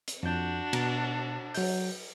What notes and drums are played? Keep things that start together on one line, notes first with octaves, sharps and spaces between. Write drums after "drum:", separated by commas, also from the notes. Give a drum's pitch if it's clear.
drum: hi-hat
F2 D4 F#4 G6
B2 A#5, drum: cymbal
F#3 G6, drum: open hi-hat